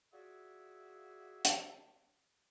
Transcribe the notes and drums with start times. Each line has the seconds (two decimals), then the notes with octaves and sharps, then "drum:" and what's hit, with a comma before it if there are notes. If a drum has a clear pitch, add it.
0.13 F4 F#4 G#4 D5 E5
1.45 drum: hi-hat